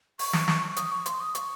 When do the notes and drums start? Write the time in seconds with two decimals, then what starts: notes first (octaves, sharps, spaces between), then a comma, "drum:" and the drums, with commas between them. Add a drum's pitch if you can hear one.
0.19 C#6, drum: open hi-hat
0.33 drum: snare
0.48 drum: snare
0.76 D#6, drum: hi-hat
0.91 C#6
1.06 C6, drum: hi-hat
1.20 D#6
1.35 C#6, drum: hi-hat